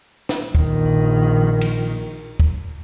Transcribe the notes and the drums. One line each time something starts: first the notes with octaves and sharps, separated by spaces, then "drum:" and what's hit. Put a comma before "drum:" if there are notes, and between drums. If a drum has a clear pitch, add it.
drum: snare
A#1 D#3, drum: kick
drum: cymbal
drum: kick